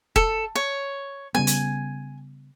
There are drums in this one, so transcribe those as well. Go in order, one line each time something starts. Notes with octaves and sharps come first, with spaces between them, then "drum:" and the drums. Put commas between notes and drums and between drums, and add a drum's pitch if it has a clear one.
A4, drum: kick F1
C#5
C#3 G3 B3 G#5
drum: hi-hat